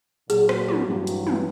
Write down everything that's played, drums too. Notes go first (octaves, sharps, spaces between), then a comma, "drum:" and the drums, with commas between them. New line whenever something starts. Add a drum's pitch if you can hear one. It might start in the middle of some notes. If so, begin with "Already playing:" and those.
A#2 F#3 G#4, drum: hi-hat
drum: rim click
drum: tom
G2 E3 F#3
drum: hi-hat
drum: tom